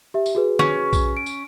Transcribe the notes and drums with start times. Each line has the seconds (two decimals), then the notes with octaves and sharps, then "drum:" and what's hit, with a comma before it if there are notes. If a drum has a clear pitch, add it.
0.14 G4 E5
0.26 drum: tambourine
0.35 F#4 G#4 B4
0.59 C#4, drum: snare
0.93 drum: kick A#1, tambourine
1.17 D7
1.26 drum: tambourine